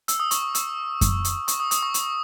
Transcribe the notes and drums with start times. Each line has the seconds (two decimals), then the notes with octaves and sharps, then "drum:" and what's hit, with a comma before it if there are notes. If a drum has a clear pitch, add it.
0.08 E6, drum: hi-hat
0.20 D#6
0.31 C#6, drum: hi-hat
0.42 D#6
0.55 E6, drum: hi-hat
1.01 drum: kick F#2, hi-hat
1.25 drum: hi-hat
1.48 C#6, drum: hi-hat
1.60 D#6
1.71 D#6, drum: hi-hat
1.83 C#6
1.94 drum: hi-hat